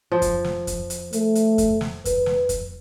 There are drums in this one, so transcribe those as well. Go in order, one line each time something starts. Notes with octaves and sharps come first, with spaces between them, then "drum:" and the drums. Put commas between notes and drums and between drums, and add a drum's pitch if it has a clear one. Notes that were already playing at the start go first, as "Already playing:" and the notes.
F3
drum: kick F2, hi-hat
drum: snare
drum: kick F2, hi-hat
drum: hi-hat
A3, drum: hi-hat
drum: hi-hat
drum: kick F2, hi-hat
drum: snare
B4, drum: kick F2, hi-hat
drum: snare
drum: kick F2, hi-hat